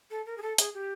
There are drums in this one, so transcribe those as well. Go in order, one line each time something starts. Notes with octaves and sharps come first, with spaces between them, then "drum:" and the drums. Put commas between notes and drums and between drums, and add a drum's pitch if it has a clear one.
A4
A#4
G#4
A4
G#4, drum: hi-hat
G4